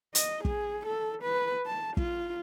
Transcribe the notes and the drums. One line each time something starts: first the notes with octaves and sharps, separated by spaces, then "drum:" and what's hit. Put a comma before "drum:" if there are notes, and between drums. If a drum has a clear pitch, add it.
D#5, drum: hi-hat
G#4, drum: kick
A4
B4
A5
F4, drum: kick